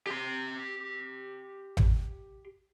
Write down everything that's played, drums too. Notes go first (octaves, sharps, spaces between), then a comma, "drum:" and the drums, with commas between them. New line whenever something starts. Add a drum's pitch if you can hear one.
G4 C6
drum: tom A1